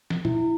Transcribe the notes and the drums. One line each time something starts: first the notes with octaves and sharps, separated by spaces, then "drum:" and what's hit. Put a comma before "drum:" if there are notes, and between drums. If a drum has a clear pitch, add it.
drum: snare
E4, drum: tom A#2